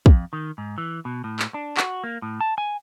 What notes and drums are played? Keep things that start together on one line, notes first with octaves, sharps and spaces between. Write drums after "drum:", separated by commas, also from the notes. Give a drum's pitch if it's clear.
F2, drum: kick
D#3
G#2
E3
B2
A2
drum: clap
D4
F#4, drum: clap
A#3
A2
A5
G#5